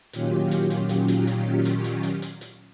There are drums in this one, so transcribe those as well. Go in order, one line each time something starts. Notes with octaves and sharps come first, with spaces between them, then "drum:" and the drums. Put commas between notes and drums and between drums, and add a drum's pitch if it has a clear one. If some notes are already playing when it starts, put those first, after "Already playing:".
A#2 D#3 F#3 C#4 F4 G4, drum: hi-hat
drum: hi-hat
drum: hi-hat
drum: hi-hat
drum: hi-hat
drum: hi-hat
drum: hi-hat
drum: hi-hat
drum: hi-hat
drum: hi-hat
drum: hi-hat